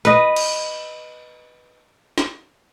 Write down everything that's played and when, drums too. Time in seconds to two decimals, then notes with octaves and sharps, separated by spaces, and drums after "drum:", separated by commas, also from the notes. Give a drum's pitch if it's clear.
0.05 B4 D#5, drum: hi-hat
0.36 drum: cymbal
2.18 drum: snare